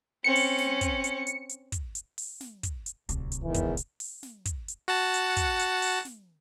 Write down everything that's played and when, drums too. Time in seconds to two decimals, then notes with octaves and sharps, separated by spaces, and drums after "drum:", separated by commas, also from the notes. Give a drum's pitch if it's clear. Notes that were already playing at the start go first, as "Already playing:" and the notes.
0.24 C4 C#4 C#7
0.36 drum: open hi-hat
0.58 drum: snare
0.81 drum: kick, hi-hat
1.04 drum: hi-hat
1.27 drum: hi-hat
1.49 drum: hi-hat
1.72 drum: kick, hi-hat
1.95 drum: hi-hat
2.18 drum: open hi-hat
2.40 drum: snare
2.63 drum: kick, hi-hat
2.86 drum: hi-hat
3.09 D1 C2, drum: hi-hat
3.32 drum: hi-hat
3.43 E2 G#2 D#3 E3
3.54 drum: kick, hi-hat
3.77 drum: hi-hat
4.00 drum: open hi-hat
4.23 drum: snare
4.45 drum: kick, hi-hat
4.68 drum: hi-hat
4.88 F#4 F#5 A5
5.14 drum: hi-hat
5.37 drum: kick, hi-hat
5.59 drum: hi-hat
5.82 drum: open hi-hat
6.05 drum: snare